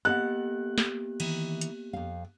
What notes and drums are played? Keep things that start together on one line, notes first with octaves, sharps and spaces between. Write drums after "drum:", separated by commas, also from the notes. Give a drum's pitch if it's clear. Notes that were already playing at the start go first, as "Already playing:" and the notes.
A#3 B3 G4 A4 D#5 F#5 F#6
drum: snare
D#3 E3, drum: cymbal
drum: hi-hat
F2 F5